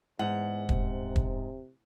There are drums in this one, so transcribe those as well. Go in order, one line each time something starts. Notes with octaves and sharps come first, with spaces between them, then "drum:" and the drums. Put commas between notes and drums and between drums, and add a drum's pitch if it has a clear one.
E2 G#2 F#5
D#1 C3 B3, drum: kick
drum: kick